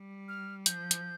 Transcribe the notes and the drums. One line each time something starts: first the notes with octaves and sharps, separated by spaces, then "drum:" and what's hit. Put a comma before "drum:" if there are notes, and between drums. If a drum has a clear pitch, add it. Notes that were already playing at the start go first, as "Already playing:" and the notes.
Already playing: G3
F6
F3 G6, drum: hi-hat
drum: hi-hat